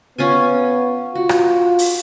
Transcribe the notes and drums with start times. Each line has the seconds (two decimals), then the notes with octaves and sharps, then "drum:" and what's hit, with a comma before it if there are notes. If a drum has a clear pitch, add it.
0.18 B3 C#4 F4 G#5
1.15 F4 F#4
1.29 drum: rim click
1.79 drum: open hi-hat